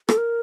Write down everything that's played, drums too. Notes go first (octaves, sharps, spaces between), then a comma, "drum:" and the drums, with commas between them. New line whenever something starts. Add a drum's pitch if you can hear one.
A4, drum: rim click
A#4